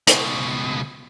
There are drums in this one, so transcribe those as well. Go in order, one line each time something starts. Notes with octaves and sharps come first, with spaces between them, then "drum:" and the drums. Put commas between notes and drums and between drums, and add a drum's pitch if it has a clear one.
C#2 B2, drum: hi-hat